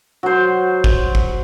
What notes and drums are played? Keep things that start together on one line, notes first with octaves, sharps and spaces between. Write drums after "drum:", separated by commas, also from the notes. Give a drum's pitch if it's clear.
F#3 C5
drum: kick
drum: kick